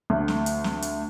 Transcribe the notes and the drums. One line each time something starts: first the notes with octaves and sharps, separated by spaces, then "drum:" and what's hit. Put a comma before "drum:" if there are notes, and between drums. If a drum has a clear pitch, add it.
D2
drum: snare
drum: hi-hat
drum: snare
drum: hi-hat